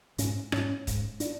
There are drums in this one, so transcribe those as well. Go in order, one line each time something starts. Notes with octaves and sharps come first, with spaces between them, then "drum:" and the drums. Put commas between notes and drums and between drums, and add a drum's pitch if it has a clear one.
G#2 C#4, drum: hi-hat
G#2 C#4, drum: rim click
G#2, drum: kick, hi-hat
D4, drum: hi-hat